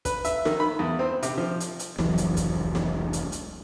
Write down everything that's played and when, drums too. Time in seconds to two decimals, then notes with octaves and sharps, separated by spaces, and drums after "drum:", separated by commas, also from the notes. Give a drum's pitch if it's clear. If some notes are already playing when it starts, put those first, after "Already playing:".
0.05 B4, drum: kick, hi-hat
0.25 E5, drum: hi-hat
0.45 D#3, drum: snare
0.60 B5
0.79 E2
0.99 C4
1.23 C3, drum: hi-hat
1.37 F3
1.60 drum: hi-hat
1.79 drum: hi-hat
1.99 F1 C#2 E3 F#3, drum: snare
2.18 drum: hi-hat
2.37 drum: kick, hi-hat
2.75 drum: snare
3.13 drum: hi-hat
3.32 drum: hi-hat